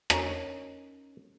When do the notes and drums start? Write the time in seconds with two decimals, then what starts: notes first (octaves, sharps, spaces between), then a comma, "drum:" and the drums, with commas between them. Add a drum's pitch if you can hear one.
0.10 C#4 D#4 A#4, drum: rim click